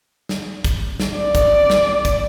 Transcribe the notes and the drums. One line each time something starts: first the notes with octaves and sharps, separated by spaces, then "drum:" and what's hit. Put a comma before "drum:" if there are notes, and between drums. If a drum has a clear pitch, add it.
drum: snare
drum: kick, hi-hat
drum: snare
D5
drum: kick, hi-hat
drum: snare
drum: kick, hi-hat